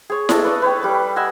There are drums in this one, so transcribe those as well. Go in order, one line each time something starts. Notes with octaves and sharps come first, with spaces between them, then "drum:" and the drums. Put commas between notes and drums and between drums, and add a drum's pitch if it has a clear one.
G#4 C#5
D4 A4 D#5 A5, drum: snare E4
B4 D5 C#6 D#6
B4 C#5 G5
G3 D6
D#5 F#5 G#5 E6